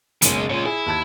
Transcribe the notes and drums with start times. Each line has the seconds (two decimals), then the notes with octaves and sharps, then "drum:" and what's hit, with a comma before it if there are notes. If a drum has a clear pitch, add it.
0.22 F#1 B1 C#3 G#3, drum: hi-hat
0.50 A#2 C#3 G#3 C#5
0.65 E4 G#4
0.86 D#2 A5 G#6